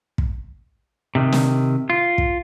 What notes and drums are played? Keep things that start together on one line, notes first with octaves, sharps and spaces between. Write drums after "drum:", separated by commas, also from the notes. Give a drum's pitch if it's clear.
drum: kick
C3 D#3
drum: snare
F4
drum: kick